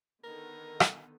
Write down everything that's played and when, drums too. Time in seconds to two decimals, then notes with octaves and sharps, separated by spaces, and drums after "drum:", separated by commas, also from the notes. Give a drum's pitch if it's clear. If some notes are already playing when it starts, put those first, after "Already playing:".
0.24 D3 D#3 B3 A#4
0.80 drum: rim click